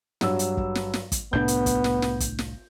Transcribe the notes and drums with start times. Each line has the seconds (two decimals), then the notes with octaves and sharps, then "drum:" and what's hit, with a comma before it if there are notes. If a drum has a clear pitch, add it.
0.21 G2 F#3 E6, drum: snare
0.39 drum: hi-hat
0.57 drum: kick
0.75 drum: snare
0.94 drum: snare
1.12 drum: kick, hi-hat
1.33 C2 A2 B3 D4 G6
1.48 drum: hi-hat
1.66 drum: kick, hi-hat
1.84 drum: snare
2.02 drum: snare
2.20 drum: kick, hi-hat
2.39 drum: snare